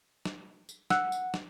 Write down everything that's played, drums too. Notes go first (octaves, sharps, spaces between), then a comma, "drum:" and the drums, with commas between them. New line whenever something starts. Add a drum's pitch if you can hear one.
drum: snare
drum: tambourine
F#5 E6 F#6, drum: snare
drum: tambourine
drum: snare